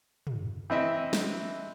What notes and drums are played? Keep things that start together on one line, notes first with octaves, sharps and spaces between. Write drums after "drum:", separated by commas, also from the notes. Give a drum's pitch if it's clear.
drum: tom
E3 C4 D#5 E5
drum: snare